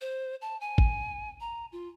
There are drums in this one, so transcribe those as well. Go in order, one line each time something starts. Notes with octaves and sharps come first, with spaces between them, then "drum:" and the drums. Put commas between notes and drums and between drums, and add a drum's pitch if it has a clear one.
C5
A5
G#5
drum: kick
A#5
F4